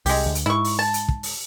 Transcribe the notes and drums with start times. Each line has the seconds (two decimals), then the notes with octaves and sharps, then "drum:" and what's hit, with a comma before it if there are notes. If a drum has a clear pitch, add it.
0.06 C2 G#3 G4, drum: open hi-hat
0.26 D2
0.35 drum: hi-hat
0.46 G#2 E4 C#6
0.64 drum: open hi-hat
0.79 A5
0.94 drum: hi-hat
1.08 drum: kick
1.23 drum: open hi-hat